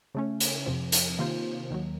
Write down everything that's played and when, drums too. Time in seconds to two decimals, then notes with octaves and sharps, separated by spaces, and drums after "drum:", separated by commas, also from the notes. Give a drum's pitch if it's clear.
0.15 C#3 A3 C#4
0.40 drum: hi-hat
0.66 F2 C3 F3
0.92 drum: hi-hat
1.18 C3 D#3 A#3 F4 C5
1.71 D#2 D#3 F#3